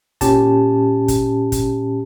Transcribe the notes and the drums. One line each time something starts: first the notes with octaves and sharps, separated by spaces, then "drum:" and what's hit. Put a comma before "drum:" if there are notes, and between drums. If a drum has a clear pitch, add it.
A#2 C#4 G4 A5, drum: kick, hi-hat
drum: kick, hi-hat
drum: kick, hi-hat